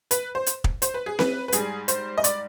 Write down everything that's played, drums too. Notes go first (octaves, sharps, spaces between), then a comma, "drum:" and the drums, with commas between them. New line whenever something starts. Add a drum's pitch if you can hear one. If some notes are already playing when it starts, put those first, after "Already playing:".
B4, drum: hi-hat
C5
drum: hi-hat
drum: kick
C5, drum: hi-hat
B4
G#4
B4, drum: snare C4
B4
G#2 G3 G#4, drum: hi-hat
C5, drum: hi-hat
D#5
D5, drum: hi-hat